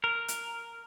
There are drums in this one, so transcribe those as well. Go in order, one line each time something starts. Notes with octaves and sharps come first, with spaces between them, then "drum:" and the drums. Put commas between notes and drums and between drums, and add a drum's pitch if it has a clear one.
A#4
drum: hi-hat